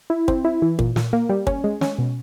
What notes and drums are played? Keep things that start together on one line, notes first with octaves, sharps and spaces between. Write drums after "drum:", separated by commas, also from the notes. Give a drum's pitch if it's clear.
E4
C4, drum: kick
E4
E3
A#2, drum: kick
A#2, drum: snare
A#3
G3
C#4, drum: kick
G#3
C#4, drum: snare
B2